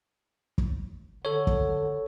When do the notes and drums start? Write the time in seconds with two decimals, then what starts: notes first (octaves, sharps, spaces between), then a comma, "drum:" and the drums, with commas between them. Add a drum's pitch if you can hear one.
0.58 drum: kick
1.25 D3 A4 C#5
1.47 drum: kick